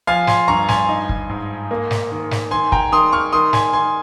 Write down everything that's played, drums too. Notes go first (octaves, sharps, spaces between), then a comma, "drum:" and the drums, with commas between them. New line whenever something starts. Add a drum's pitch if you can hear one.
F3 F5 G#5
G#5 C6, drum: snare
G2 A#5 C#6
G#5 C6, drum: snare
D#4
drum: kick
G#2
A#3
drum: snare
D#3
drum: snare
D#3 G#5 C6
G5 A#5, drum: kick
D#3 C6 D#6
C#6 F6
D#3 C6 D#6
G#5 C6, drum: snare
D#3 G#5 C6